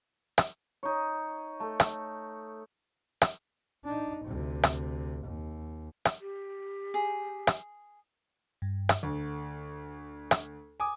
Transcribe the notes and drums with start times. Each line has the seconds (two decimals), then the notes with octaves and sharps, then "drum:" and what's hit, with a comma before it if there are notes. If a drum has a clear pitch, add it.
0.38 drum: rim click
0.83 D#4 C#5
1.60 A3
1.80 drum: rim click
3.22 drum: rim click
3.84 D4 D#4
4.24 D2 C3
4.63 drum: rim click
5.25 D#2
6.05 drum: rim click
6.21 G4
6.94 G#4
7.47 drum: rim click
8.62 G2
8.89 drum: rim click
9.03 D2 A4
10.31 drum: rim click
10.80 G#5 D6 D#6